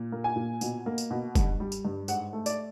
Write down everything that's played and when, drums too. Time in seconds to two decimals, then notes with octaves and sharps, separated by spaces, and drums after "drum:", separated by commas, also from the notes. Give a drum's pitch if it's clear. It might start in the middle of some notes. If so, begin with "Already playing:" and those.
Already playing: A#2
0.12 A#3
0.24 G#5
0.36 A#2
0.61 B2, drum: tambourine
0.86 A#3
0.98 drum: tambourine
1.11 B2
1.35 G2, drum: kick, tambourine
1.60 G3
1.72 drum: tambourine
1.85 G2
2.08 G#2 F#5, drum: tambourine
2.33 A3
2.46 D5, drum: tambourine